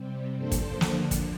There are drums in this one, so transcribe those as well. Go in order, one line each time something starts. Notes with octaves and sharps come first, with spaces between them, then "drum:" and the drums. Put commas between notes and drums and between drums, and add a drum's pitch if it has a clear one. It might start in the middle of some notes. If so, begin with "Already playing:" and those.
Already playing: C3 G3 C4
G2 F3 A#3 D4 A4 C5
drum: kick, hi-hat
D3 F3 A#3 D4, drum: snare
drum: kick, hi-hat